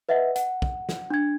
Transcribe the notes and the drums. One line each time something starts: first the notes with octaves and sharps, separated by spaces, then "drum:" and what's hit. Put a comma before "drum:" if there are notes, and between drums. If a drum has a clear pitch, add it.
B4 D#5 E5 F#5
F#5, drum: hi-hat
drum: kick
drum: snare
D4 G#6